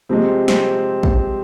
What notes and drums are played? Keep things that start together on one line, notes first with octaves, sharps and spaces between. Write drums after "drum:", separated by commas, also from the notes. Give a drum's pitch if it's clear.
C3 F3 G#3 C4
C4, drum: snare
drum: kick